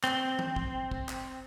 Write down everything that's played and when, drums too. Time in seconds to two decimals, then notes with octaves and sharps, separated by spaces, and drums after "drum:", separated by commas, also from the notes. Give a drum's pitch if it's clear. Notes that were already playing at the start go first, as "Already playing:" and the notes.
0.04 C4, drum: clap
0.39 drum: tom E3
0.56 drum: kick
0.91 drum: kick
1.09 drum: clap